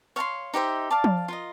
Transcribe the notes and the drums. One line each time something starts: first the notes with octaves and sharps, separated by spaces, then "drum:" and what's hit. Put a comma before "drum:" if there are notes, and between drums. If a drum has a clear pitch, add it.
C#5 F5 A5 C6
D#4 G4 C5 E5
D5 F5 A5 D6
drum: tom F3
F4 A#4 D#5